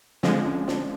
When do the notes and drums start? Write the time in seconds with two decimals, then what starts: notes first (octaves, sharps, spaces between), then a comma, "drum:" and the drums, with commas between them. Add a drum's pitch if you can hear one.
0.23 D3 F3 G#3 C4, drum: snare
0.45 C#4
0.68 D4, drum: snare